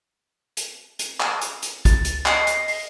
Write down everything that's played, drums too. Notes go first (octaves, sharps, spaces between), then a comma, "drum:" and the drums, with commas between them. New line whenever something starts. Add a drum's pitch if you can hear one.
drum: hi-hat
drum: hi-hat
drum: clap
drum: hi-hat
drum: hi-hat
A6, drum: kick, hi-hat
drum: hi-hat
D#5 C7, drum: clap
drum: hi-hat
drum: open hi-hat